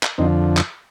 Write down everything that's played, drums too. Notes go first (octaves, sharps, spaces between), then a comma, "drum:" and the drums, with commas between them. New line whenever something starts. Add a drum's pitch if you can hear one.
drum: clap
F2 D3 F3 C4 D#4
drum: clap